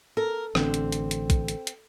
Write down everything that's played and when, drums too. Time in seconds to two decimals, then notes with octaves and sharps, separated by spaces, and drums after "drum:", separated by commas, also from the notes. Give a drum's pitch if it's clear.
0.17 A4 A#4
0.55 A1 D3 C4, drum: rim click
0.74 drum: hi-hat
0.92 drum: hi-hat
1.11 drum: hi-hat
1.30 drum: kick A#1, hi-hat
1.48 drum: hi-hat
1.67 drum: hi-hat